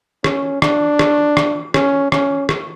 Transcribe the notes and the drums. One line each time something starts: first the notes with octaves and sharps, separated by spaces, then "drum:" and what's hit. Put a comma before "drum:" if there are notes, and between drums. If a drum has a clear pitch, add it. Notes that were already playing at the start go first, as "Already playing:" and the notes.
C#4, drum: rim click
D4, drum: rim click
drum: rim click
drum: rim click
C#4, drum: rim click
C#4, drum: rim click
drum: rim click